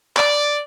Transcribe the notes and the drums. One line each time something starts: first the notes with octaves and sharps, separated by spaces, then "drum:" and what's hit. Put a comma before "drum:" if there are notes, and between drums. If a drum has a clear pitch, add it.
D5, drum: clap